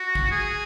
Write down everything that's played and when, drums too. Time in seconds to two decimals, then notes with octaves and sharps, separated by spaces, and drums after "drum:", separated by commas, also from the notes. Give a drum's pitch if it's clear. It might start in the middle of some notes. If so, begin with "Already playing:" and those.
Already playing: F#4
0.15 drum: kick
0.31 G#4